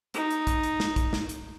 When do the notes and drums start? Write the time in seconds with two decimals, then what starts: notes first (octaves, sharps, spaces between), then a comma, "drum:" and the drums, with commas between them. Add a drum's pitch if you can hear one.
0.14 D#4, drum: hi-hat
0.31 drum: hi-hat
0.47 drum: kick, hi-hat
0.63 drum: hi-hat
0.80 drum: snare
0.96 drum: kick, hi-hat
1.13 drum: snare
1.29 drum: hi-hat